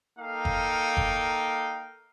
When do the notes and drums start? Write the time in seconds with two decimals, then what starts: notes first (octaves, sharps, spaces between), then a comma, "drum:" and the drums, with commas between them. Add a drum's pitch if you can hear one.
0.19 A#3 D#4 A4 F5 G5
0.45 drum: kick F#1
0.97 drum: kick F#1